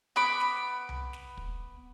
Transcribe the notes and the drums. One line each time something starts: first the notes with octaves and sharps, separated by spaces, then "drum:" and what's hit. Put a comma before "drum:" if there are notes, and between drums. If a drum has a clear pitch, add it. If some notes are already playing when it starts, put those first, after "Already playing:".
B3 B5 D6
drum: snare
drum: tom C2
drum: snare
drum: kick